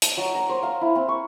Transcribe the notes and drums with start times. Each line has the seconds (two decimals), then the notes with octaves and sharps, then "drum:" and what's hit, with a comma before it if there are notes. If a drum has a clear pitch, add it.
0.02 A5, drum: hi-hat
0.17 F#3
0.35 A#5
0.49 C5
0.63 F5
0.81 E4
0.95 C4
1.08 C#6